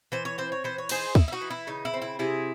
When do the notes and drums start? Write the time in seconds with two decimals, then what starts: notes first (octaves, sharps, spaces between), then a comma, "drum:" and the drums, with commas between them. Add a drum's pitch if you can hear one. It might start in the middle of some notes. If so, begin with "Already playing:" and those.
0.12 E3 C5
0.25 C#5
0.38 C4 C5
0.52 C#5
0.64 E3 C5
0.78 C#5
0.89 D#4 G#4 C5, drum: cymbal
1.15 D#4 E4, drum: kick
1.28 E4
1.32 D#4 F#4
1.41 E3
1.50 E4
1.67 C#3 D#4
1.85 E4
1.94 C4
2.02 E4
2.19 C3 E4 G#4